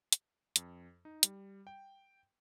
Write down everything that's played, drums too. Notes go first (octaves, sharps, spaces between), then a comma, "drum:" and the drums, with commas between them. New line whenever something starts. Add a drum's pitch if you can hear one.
drum: hi-hat
F2, drum: hi-hat
D#4
G3, drum: hi-hat
G5